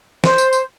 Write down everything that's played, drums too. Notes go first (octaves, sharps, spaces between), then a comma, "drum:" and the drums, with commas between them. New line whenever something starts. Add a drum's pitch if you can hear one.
C5, drum: snare
drum: tambourine
drum: tambourine